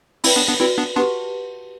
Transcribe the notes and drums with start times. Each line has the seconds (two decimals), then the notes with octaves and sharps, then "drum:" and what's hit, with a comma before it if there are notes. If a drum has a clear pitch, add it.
0.24 C4 E4 B4 D5 G5 B5, drum: open hi-hat
0.36 B3 D4
0.48 B3 D4
0.60 C4 E4 F#4 B4 D5
0.78 B3 D4
0.96 B3 D4 G4 B4 F#5 A5 C6